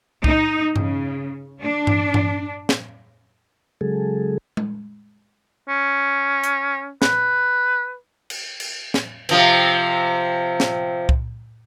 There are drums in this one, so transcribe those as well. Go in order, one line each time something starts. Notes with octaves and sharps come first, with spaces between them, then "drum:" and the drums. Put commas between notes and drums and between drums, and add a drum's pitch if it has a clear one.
D#4, drum: kick C2
C#3, drum: tom G2
D4
drum: tom G2
drum: tom G2
drum: snare
C#3 F#3 G#3 G#4 A4
drum: tom G#3
C#4
drum: hi-hat
B4, drum: snare
drum: cymbal
drum: cymbal
drum: snare
C3 F3 C4, drum: cymbal
drum: snare
drum: kick C2